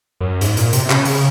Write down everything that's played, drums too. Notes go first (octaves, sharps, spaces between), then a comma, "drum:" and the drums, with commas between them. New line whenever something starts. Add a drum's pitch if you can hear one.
F#2
G#2, drum: hi-hat
A#2, drum: hi-hat
C3, drum: hi-hat
C#3, drum: clap
C#3, drum: open hi-hat